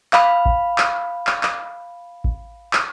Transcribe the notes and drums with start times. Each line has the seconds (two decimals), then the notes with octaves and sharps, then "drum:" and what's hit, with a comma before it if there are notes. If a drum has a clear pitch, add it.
0.13 F5 B5, drum: clap
0.46 drum: kick A1
0.78 drum: clap
1.27 drum: clap
1.43 drum: clap
2.24 drum: kick A1
2.73 drum: clap